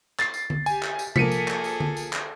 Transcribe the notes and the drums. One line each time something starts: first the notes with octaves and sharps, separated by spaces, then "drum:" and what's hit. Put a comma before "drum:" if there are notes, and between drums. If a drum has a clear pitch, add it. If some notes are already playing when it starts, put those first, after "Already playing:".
A6 C7, drum: clap
drum: tambourine
drum: tom D3
G4 G#5, drum: tambourine
drum: clap
drum: tambourine
F3 A#3 G#4 A4 B6 C#7 D#7, drum: tom C3
drum: tambourine
drum: clap
drum: tambourine
drum: tom D3
drum: tambourine
drum: clap